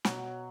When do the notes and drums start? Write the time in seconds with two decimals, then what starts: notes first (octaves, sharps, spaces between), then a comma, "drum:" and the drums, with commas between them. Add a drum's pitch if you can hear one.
0.05 B2 F#3, drum: snare